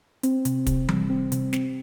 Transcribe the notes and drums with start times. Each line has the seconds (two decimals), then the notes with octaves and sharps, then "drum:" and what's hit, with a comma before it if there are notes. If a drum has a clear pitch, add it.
0.23 C4, drum: hi-hat
0.45 C3, drum: hi-hat
0.66 C3, drum: kick, hi-hat
0.89 G3, drum: tom E3
1.10 C4
1.32 C3, drum: hi-hat
1.53 C4, drum: snare